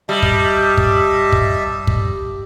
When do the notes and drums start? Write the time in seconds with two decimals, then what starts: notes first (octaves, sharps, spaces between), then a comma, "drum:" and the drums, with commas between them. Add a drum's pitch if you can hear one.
0.09 G3 D#5 E5 A5
0.23 drum: kick
0.77 drum: kick
1.32 drum: kick
1.87 drum: kick